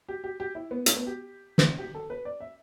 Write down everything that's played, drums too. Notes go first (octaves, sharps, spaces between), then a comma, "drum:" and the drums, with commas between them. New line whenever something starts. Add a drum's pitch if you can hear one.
G4
G4
G4
E4
B3
A3, drum: hi-hat
B3
G4
drum: snare
G4
A4
B4
D5
E5